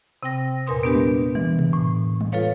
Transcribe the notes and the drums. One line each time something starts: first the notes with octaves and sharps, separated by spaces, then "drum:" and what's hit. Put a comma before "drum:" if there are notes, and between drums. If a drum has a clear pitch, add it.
C3 C4 G5 A#6
E2 A#2 A#4 B4 C6 D#6
B3 D4 G4 B4
drum: tom G3
E3, drum: tom G3
drum: tom B2
A2
drum: tom G3
F4 A4 B4 C#5 F5